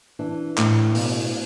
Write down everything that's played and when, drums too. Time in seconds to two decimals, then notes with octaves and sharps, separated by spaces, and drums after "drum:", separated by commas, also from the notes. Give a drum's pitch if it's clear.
0.19 E3 D4
0.58 A2, drum: clap
0.95 B2, drum: open hi-hat